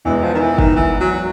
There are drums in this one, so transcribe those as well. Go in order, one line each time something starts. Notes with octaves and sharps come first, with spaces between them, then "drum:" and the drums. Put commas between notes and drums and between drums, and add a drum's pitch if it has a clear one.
E2 B2 E3 G#3 B3
F3
D#3
E3
D#3, drum: kick
E3
F#3